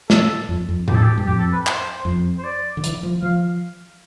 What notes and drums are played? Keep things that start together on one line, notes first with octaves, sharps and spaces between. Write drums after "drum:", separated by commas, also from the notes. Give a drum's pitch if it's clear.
A4, drum: snare
F2
F2
E2 G4, drum: tom A2
A4
G4
G2
F2 G4
A4
B4
C5, drum: clap
F2
C5
D5
D3
E3, drum: hi-hat
F3
F3 F5